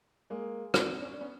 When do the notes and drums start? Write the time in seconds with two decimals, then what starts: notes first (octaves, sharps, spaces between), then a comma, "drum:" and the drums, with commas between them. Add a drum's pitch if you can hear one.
0.30 G#3 A#3
0.74 C4 D4, drum: rim click
1.02 C#4
1.11 D4
1.21 B3 C#4